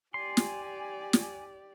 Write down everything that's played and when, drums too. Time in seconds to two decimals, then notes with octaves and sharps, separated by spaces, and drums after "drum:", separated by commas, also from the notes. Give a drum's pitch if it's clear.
0.14 G4 D5 G#5 C6
0.37 drum: snare
1.13 drum: snare